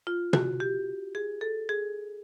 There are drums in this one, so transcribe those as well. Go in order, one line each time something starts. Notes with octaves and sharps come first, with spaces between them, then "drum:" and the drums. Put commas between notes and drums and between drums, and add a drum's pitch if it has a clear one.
F4
F#4, drum: tom
G4
G#4
A4
G#4